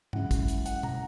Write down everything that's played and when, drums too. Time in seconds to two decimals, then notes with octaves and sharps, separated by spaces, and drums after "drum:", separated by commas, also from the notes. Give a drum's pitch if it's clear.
0.13 F#2 C#3 G#3 C#4 E4 F#5, drum: tom G#2
0.31 drum: kick, hi-hat
0.48 drum: hi-hat
0.66 F#5, drum: hi-hat
0.83 A#5, drum: tom B2